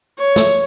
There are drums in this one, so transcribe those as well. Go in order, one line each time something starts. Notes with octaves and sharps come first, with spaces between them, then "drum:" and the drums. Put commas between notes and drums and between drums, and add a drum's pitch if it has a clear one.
C#5
drum: snare